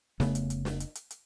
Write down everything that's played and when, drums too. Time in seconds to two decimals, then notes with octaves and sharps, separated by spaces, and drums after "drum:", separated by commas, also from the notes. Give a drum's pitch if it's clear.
0.20 F1 C#3 A3 B3, drum: snare
0.35 drum: hi-hat
0.50 drum: hi-hat
0.65 drum: snare
0.80 drum: hi-hat
0.95 drum: hi-hat
1.11 drum: hi-hat